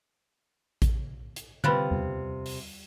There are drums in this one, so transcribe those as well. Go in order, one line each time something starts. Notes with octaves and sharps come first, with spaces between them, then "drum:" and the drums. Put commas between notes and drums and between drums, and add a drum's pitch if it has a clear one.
drum: kick A1, hi-hat
drum: hi-hat
C3 G3 F4 B4 B5 F#6, drum: tom D3
drum: tom E2
drum: open hi-hat